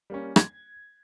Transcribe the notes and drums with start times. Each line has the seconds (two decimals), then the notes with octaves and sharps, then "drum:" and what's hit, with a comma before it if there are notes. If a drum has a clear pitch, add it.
0.10 G3 A#3 C#4
0.36 G#6, drum: rim click